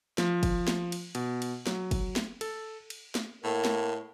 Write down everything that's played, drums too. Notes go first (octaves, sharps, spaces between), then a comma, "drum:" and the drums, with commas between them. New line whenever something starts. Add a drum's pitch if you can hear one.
F3, drum: snare
drum: kick, cymbal
drum: snare
drum: cymbal
B2, drum: cymbal
drum: cymbal
F#3, drum: snare
drum: kick, cymbal
drum: snare
A4, drum: cymbal
drum: cymbal
drum: snare
A2 A#3
drum: snare